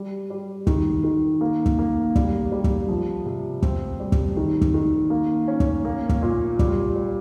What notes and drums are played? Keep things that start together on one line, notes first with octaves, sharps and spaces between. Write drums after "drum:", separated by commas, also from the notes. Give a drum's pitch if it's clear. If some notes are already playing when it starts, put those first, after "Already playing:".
Already playing: G3
G3
D#3, drum: kick
D#3
A#3
drum: kick
A#3
G3, drum: kick
G3
drum: kick
F3
C3
C4, drum: kick
G3
drum: kick
D#3
drum: kick
D#3
A#3
C#4
drum: kick
A#3
drum: kick
A#2
G3, drum: kick
G3